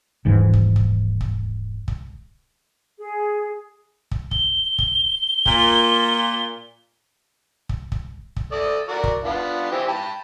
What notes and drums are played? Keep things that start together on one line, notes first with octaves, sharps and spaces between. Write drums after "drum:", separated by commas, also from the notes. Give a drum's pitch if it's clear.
D#1 G#2 E3
drum: kick
drum: kick
drum: kick
drum: kick
G#4
drum: kick
G7, drum: kick
drum: kick
A#2, drum: kick
drum: kick
drum: kick
drum: kick
A4 D5 D#6
F#4 A#4 D5
drum: kick
B3 D4 F4
E3 C4 G4
G5 A5 B5